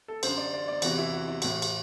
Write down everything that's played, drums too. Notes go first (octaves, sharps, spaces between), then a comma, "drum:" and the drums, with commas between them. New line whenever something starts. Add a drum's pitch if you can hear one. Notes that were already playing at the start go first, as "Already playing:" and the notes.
A4
F#2 D3 C5, drum: cymbal
D5
D5
D5
E2 C3 E3 F#4, drum: cymbal
E4
F#4
E4
A2 E3 F#4, drum: cymbal
drum: cymbal